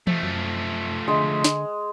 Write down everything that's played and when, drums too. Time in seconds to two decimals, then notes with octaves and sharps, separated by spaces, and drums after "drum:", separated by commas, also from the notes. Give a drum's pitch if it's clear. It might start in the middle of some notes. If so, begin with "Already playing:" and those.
0.07 F3 A3, drum: tom E3
0.23 F#2
1.08 D3 G#3
1.44 drum: snare